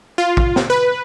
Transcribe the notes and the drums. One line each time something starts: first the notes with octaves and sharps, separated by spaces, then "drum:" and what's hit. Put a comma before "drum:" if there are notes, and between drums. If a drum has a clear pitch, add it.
F4
drum: kick
drum: snare
B4